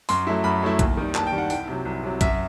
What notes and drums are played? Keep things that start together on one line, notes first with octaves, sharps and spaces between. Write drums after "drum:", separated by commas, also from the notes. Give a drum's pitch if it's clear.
F#2 C6, drum: open hi-hat
F#3 A3 E4
F#2 B5
F#3 A3 E4
D#2, drum: kick A#1, hi-hat
D#3 G3
D#2 A5, drum: clap
G5
D#3 G3
F#5
C2 G5, drum: open hi-hat
C3 F#3
C2
C3 F#3
F#2 E5, drum: kick A#1, hi-hat